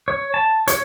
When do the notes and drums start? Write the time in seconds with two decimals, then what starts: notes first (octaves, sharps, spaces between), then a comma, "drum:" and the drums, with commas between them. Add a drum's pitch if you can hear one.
0.08 C#5
0.34 A5
0.68 C#5, drum: hi-hat